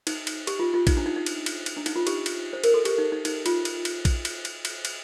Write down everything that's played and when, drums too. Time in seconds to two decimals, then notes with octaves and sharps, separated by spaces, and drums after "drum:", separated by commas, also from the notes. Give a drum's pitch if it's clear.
0.07 D#4, drum: cymbal
0.27 drum: cymbal
0.47 G4, drum: cymbal
0.59 F4
0.74 F4
0.87 D#4, drum: kick A#1, cymbal
0.97 D4
1.06 D#4
1.16 D#4
1.26 drum: cymbal
1.46 drum: cymbal
1.66 drum: cymbal
1.77 D4
1.86 D#4, drum: cymbal
1.96 F4
2.07 G4, drum: cymbal
2.26 drum: cymbal
2.53 C5
2.64 A#4, drum: cymbal
2.74 A4
2.85 G4, drum: cymbal
2.98 D#4
3.12 D#4
3.25 D#4, drum: cymbal
3.46 F4, drum: cymbal
3.65 drum: cymbal
3.85 drum: cymbal
4.05 drum: kick A#1, cymbal
4.25 drum: cymbal
4.45 drum: cymbal
4.65 drum: cymbal
4.85 drum: cymbal